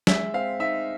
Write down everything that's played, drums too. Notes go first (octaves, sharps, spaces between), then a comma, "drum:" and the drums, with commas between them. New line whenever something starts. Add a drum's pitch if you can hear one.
G#3 E5, drum: snare
C4 F5
D#4 E5